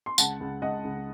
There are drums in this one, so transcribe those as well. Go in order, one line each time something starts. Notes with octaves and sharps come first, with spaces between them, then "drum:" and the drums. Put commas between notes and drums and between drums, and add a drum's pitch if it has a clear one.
C6
C#2 F#5 A5, drum: tambourine
C#2
C#2 D#5 F#5
C#2